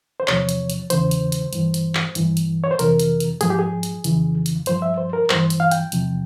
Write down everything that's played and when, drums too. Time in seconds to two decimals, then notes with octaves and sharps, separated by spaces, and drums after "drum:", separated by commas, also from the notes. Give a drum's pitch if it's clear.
0.20 C5
0.28 E2 C3 F3 C#5, drum: clap
0.49 drum: hi-hat
0.70 drum: hi-hat
0.90 E2 C#3 E3 C5, drum: hi-hat
1.11 drum: hi-hat
1.32 drum: hi-hat
1.53 G2 E3, drum: hi-hat
1.74 drum: hi-hat
1.95 drum: clap
2.15 G2 E3, drum: hi-hat
2.37 drum: hi-hat
2.64 C#5
2.71 C5
2.79 F2 C3 E3 A#4, drum: hi-hat
3.00 drum: hi-hat
3.20 drum: hi-hat
3.41 G#2 F3 G#4, drum: hi-hat
3.50 G4
3.59 G#4
3.83 drum: hi-hat
4.04 F2 C#3 E3, drum: hi-hat
4.46 drum: hi-hat
4.66 G2 F3 C5, drum: hi-hat
4.82 E5
4.98 C5
5.13 A#4
5.30 G2 E3 C5, drum: clap
5.50 drum: hi-hat
5.60 F5
5.71 G5, drum: hi-hat
5.92 E2 C3 F3, drum: hi-hat